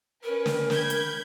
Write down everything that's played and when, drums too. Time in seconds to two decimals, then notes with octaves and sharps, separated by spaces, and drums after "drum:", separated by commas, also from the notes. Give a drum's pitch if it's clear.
0.23 C#4 A#4 B4
0.46 drum: snare
0.70 B5 G6 G#6, drum: snare
0.90 drum: hi-hat